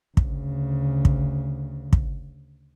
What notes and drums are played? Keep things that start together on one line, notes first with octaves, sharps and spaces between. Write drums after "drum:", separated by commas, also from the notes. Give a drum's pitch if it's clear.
D2 C#3, drum: kick
drum: kick
drum: kick